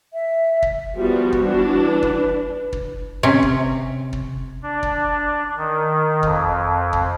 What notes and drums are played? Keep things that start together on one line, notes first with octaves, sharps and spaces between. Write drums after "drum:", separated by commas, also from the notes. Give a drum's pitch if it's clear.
E5
drum: kick
F3 G3 B3 F#4
drum: kick
E3 D4
B4
drum: kick
drum: kick
C3 C#4
drum: kick
drum: kick
D4
drum: kick
D#3
F2, drum: kick
drum: kick